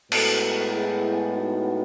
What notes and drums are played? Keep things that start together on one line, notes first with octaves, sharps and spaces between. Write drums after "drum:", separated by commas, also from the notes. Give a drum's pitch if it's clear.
A2 G#3 B3 F#4 A4, drum: cymbal
E4 G#4
D#4 F#4